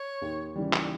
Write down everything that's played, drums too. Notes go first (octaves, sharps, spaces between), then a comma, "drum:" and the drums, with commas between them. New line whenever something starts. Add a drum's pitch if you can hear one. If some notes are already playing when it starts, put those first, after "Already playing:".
Already playing: C#5
D#2
C#3 E3 G3
drum: clap